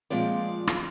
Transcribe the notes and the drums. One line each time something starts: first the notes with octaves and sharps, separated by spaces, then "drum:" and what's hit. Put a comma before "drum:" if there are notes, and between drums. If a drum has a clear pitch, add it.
A#2 F3 G#3 C4 D5
drum: rim click